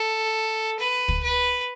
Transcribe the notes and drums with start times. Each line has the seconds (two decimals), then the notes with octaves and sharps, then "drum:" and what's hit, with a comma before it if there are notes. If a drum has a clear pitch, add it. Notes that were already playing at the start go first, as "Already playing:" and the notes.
Already playing: A4
0.80 B4
1.08 drum: kick
1.23 B4